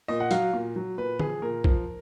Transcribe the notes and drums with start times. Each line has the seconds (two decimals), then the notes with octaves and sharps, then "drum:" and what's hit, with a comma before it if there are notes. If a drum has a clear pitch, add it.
0.08 A#2 D#5
0.20 F#5
0.31 F#3 F5, drum: hi-hat
0.53 A#2
0.76 F#3
0.98 A#2 B4
1.19 F3 G#4, drum: tom D3
1.42 A#2 A#4
1.64 F3, drum: kick A#1